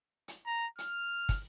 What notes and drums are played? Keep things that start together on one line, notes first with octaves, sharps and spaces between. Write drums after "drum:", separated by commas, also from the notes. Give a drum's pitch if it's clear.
drum: hi-hat
A#5
F6, drum: hi-hat
drum: kick, hi-hat